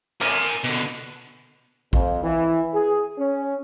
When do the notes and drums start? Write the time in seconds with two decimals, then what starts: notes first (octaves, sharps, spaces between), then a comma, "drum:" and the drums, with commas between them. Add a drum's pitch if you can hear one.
0.22 A#4 G#5, drum: clap
0.64 B2 D3, drum: hi-hat
1.93 F2, drum: kick A#1
2.23 E3
2.74 G#4
3.19 C#4